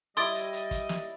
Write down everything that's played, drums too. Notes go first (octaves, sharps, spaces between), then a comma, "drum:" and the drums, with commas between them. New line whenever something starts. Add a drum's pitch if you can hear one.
G3 E4 D5 D#5 C6 D6 D#6 A6, drum: hi-hat
drum: hi-hat
drum: hi-hat
drum: kick, hi-hat
drum: snare